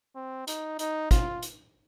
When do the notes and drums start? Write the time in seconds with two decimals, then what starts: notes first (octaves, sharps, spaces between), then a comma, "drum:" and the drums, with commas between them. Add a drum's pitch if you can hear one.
0.16 C4
0.47 D#4, drum: hi-hat
0.79 D#4, drum: hi-hat
1.11 F4, drum: kick, hi-hat
1.42 drum: hi-hat